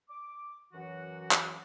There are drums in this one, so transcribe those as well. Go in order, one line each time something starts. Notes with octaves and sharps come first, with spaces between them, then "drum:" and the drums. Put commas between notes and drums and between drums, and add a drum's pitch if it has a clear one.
D6
F#2 E3 F#3 F#4
drum: clap